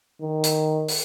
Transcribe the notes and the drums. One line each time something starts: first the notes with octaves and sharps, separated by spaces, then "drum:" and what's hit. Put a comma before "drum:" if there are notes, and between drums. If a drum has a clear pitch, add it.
D#3
drum: hi-hat
drum: open hi-hat